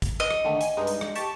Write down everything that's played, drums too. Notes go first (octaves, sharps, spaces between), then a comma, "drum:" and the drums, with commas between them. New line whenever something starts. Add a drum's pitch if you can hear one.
drum: kick, hi-hat
D#5
drum: rim click
D3 D#3 A3
G#5, drum: hi-hat
G2 G#3 D#4
drum: hi-hat
drum: rim click
G4 A5 C#6, drum: hi-hat